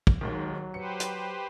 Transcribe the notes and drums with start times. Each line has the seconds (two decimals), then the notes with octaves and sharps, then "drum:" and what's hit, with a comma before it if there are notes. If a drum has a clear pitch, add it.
0.07 drum: kick
0.21 D#2 G#2 D#3 F#3
0.74 G4 B4 C5 C#7
1.00 drum: hi-hat